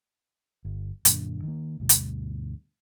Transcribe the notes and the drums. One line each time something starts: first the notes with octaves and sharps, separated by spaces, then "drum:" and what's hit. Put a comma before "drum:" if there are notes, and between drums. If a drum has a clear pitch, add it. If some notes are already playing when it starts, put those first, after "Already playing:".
G1
F#2 A#2 D3, drum: hi-hat
D#3 A#3
D2 G2 B2
drum: hi-hat